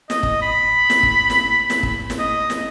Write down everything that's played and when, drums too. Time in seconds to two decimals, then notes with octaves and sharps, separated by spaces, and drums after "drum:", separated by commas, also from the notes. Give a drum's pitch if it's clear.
0.10 D#5, drum: snare
0.23 drum: kick
0.42 B5
0.90 drum: snare
1.03 drum: kick
1.30 drum: snare
1.70 drum: snare
1.83 drum: kick
2.10 drum: snare
2.19 D#5
2.50 drum: snare